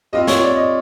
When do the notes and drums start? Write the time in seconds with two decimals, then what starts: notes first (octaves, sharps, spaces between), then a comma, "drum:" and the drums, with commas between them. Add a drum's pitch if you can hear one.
0.13 G3 C4 F4 D#5
0.27 C#5, drum: snare
0.42 D5
0.56 D#5